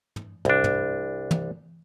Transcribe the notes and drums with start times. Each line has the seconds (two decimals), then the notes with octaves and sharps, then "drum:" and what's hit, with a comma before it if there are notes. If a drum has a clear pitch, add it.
0.16 drum: tom
0.45 C2 D4, drum: tom
0.64 drum: tom
1.31 drum: tom